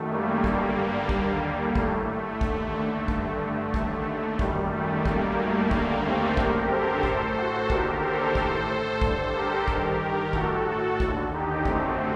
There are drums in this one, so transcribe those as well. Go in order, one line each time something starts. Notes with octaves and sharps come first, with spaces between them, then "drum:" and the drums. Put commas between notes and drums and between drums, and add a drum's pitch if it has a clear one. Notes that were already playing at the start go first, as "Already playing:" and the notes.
Already playing: F#2 D#3 A3
G3 A#3
G2 D3, drum: kick
D#2 D3, drum: kick
A2 A3, drum: kick
D#2 D3, drum: kick
G2 D3, drum: kick
D#2 D3 A3, drum: kick
F#2 D#3 G3, drum: kick
A3
F#2 D#3 G3 A#3, drum: kick
A3
D#2 D3 G3 A#3, drum: kick
A3 C4
F#2 D3 G4 A#4, drum: kick
A4 C5
A2 A4 C5, drum: kick
F#4 A4
D#2 D3 G4 A#4, drum: kick
A4 C5
A2 A4 C5, drum: kick
G2 D3 A4 C5, drum: kick
G4 A#4
G2 D#3 G4 A#4, drum: kick
A2 F#4 A4, drum: kick
F#4 A4
D#2 D3, drum: kick
D#4 G4
F#2 D3 A3 C4, drum: kick